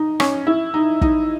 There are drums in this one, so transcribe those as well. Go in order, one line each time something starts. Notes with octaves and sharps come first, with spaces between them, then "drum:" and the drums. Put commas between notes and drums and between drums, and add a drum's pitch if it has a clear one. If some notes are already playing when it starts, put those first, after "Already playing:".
Already playing: D#4
C#4, drum: rim click
E4
D#4
D#4, drum: kick